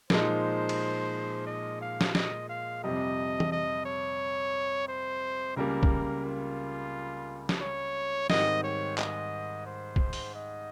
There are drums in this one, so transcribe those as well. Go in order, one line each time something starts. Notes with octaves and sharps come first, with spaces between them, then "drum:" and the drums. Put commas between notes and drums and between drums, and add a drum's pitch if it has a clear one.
A#2 F3 G#3 D#4 C5, drum: snare
drum: cymbal
D#5
F5
drum: snare
D#5, drum: snare
F5
F2 C3 G3 D#5
drum: tom E3
D#5
C#5
C5
C#2 C#3 G3 A#3 A#4
drum: kick
F4
drum: snare
C#5
G#2 D#3 G3 C4 D#5, drum: snare
C#5
D#5, drum: clap
C5
drum: kick
drum: open hi-hat
D#5